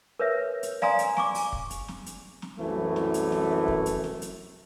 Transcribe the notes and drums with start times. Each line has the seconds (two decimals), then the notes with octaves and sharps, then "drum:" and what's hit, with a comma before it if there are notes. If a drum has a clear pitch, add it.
0.19 A#4 B4 C#5 E5
0.63 drum: hi-hat
0.82 D5 F5 G#5 A#5 C6 D#6, drum: snare
0.99 drum: hi-hat
1.17 G#5 C#6 D6, drum: snare
1.35 drum: open hi-hat
1.53 drum: kick
1.70 drum: hi-hat
1.88 drum: snare
2.06 drum: hi-hat
2.42 drum: snare
2.59 C2 F#2 E3 A3
2.96 drum: snare
3.14 drum: hi-hat
3.32 drum: snare
3.68 drum: kick
3.86 drum: hi-hat
4.04 drum: snare
4.22 drum: hi-hat